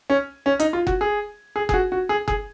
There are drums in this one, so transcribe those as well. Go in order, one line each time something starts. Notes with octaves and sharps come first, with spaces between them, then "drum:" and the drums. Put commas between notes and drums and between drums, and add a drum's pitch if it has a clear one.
C#4
C#4
D#4, drum: hi-hat
F4
F#4, drum: kick F#1
G#4
G#4
G#4, drum: kick F#1
F#4
F#4
G#4
G#4, drum: kick F#1